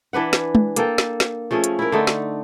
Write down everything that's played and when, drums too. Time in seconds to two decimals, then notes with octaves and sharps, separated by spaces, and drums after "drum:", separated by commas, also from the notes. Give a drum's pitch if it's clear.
0.13 E3 D4 B4 F#5
0.33 drum: snare
0.55 drum: tom G#3
0.76 A#3 A4 G5, drum: hi-hat
0.98 drum: snare
1.20 drum: snare
1.51 F3 A3 C#4 G#4
1.64 drum: hi-hat
1.79 E4 A#4
1.92 D3 A3 D#4
2.07 drum: snare